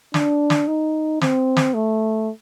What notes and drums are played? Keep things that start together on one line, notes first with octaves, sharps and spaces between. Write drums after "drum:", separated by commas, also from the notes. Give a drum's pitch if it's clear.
D4, drum: snare
drum: snare
D#4
C4, drum: snare
drum: snare
A3